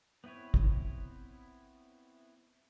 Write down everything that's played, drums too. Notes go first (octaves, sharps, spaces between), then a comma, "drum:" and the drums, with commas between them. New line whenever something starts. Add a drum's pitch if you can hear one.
B3 C4 E4 B4 C#5
drum: kick